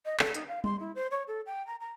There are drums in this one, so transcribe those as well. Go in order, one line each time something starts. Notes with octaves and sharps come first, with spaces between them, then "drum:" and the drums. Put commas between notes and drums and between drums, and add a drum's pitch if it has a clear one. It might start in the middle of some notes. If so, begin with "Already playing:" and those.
D#5
A4, drum: clap
D#4, drum: hi-hat
F5
C6, drum: tom G3
E4
C5
C#5
A4
G5
A#5
A#5